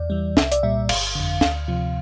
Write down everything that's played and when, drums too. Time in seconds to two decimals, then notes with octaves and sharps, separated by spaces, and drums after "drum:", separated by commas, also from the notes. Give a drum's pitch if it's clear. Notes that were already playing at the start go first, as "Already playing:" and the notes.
Already playing: E2 D5
0.10 E3 G3
0.37 C2 E5, drum: snare
0.52 D5, drum: hi-hat
0.63 A#2 G3 E5
0.89 G1 F5, drum: cymbal
1.15 F2 D3
1.41 D2 F5, drum: snare
1.68 C3 F3